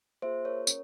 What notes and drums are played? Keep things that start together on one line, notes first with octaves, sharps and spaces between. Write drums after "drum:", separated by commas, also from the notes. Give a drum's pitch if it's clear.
A#3 F4 G#4 C5 E5
A#4 C#5
C#4, drum: tambourine